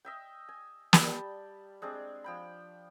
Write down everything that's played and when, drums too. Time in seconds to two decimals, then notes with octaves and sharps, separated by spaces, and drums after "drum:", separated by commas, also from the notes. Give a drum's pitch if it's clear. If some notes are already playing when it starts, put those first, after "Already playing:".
0.05 D#5 E5 G5
0.49 G#5
0.93 G3 G5 A5 B5, drum: snare
1.82 G#3 C4 D4 G#4
2.24 F3 G5 B5